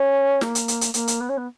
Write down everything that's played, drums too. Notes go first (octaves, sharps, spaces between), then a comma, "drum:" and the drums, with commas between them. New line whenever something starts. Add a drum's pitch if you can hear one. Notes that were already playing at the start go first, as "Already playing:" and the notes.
Already playing: C#4
A#3, drum: snare
drum: hi-hat
drum: hi-hat
drum: hi-hat
A#3, drum: hi-hat
drum: hi-hat
B3
C#4
B3